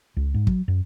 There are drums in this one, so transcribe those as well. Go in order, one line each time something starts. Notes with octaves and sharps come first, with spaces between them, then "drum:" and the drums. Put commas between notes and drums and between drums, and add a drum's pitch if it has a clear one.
C#2
G#2
F#3, drum: kick
F#2